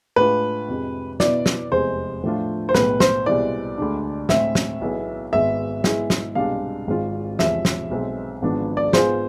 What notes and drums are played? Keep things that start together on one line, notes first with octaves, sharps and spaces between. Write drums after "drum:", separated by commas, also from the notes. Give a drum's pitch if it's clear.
A2 G#3 D4 F4 B4
F2 C3 G#3
B2 B3 E4 D5, drum: snare
drum: snare
F1 E2 C3 G#3 C5
A2 F3 A3 D4 F4
C5
B1 A2 G#3 B3 B4, drum: snare
C5, drum: snare
C2 B2 G#3 C4 E4 D5
D2 D3 G#3 D4
A2 G#3 C4 G#4 E5, drum: snare
drum: snare
B1 B2 B3 E4 G#4
G#1 G#2 G#3 B3 E5
G#2 G#3 B3 E4 G#4, drum: snare
drum: snare
C2 B2 G#3 D4 F5
G#1 G#2 G#3 C4 F4
E1 E2 C3 F3 G#3 E5, drum: snare
drum: snare
B1 B2 G#3 C4
G#1 G#2 F3 B3 D4
D5
G#2 G#3 B3 F4 G#4 C5, drum: snare